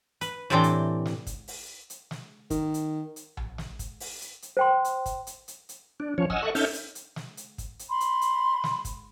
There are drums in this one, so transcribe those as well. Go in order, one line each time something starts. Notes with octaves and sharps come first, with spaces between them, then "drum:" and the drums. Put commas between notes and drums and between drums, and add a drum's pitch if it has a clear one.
B4, drum: hi-hat
A2 C3 E3 C4 D4 G5
drum: hi-hat
drum: snare
drum: kick, hi-hat
drum: open hi-hat
drum: hi-hat
drum: snare
D#3, drum: kick, hi-hat
drum: hi-hat
drum: hi-hat
drum: tom A#1
drum: snare
drum: kick, hi-hat
drum: open hi-hat
drum: hi-hat
drum: hi-hat
C5 G5 C6
drum: hi-hat
drum: kick, hi-hat
drum: hi-hat
drum: hi-hat
drum: hi-hat
D4
F3 C#4 C#5
D#5 F#5 G#5 E6 F6, drum: kick
A4 D#5 E5 C#6 F#6
C#4 D#4 A4 E5 F6 G6, drum: open hi-hat
drum: hi-hat
drum: hi-hat
drum: snare
drum: hi-hat
drum: kick, hi-hat
drum: hi-hat
B5 C6
drum: hi-hat
drum: hi-hat
drum: snare
drum: kick, hi-hat